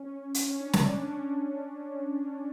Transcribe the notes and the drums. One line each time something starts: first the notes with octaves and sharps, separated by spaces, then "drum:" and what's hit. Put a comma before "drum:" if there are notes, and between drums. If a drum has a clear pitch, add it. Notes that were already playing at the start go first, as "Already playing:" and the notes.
Already playing: C#4
drum: hi-hat
C#4
D4
D4, drum: snare
D4
C#4